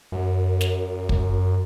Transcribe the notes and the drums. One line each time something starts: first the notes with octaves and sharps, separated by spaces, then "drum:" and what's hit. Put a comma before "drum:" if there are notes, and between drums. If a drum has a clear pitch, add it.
F#2
drum: snare
drum: kick